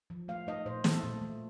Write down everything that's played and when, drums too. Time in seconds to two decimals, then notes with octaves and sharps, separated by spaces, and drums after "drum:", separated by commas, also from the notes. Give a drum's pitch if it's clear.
0.10 F3
0.28 A3 F5
0.47 A3 D#5
0.66 A#2 C5
0.84 A3 A4, drum: snare
1.03 A#2
1.21 A3